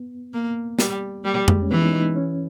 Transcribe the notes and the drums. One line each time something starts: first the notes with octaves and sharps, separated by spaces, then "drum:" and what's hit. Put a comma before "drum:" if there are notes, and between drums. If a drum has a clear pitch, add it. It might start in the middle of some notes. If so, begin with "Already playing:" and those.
Already playing: B3
A#3
G3, drum: snare
G3 A#3
G#3, drum: tom F2
C#4
E3 B3
D#4
D#4
C#4